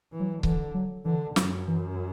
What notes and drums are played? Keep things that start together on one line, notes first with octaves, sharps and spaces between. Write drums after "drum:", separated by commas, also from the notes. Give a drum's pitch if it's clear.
E3
F#3
D3 E3, drum: kick C#1
F#3
D3 E3
F#2 F#3, drum: snare
E3